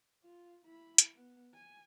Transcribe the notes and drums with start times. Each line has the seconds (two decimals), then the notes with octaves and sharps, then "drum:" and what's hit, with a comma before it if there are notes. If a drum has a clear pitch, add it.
0.24 F4
0.65 E4 B5
0.98 drum: hi-hat
1.15 B3
1.54 G#5